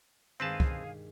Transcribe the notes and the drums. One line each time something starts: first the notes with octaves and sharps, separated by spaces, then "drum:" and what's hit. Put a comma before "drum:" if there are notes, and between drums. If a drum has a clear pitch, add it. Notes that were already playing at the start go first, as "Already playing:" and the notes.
G2 D#3 G#3 C4 G#4 B4 F5 A5
drum: kick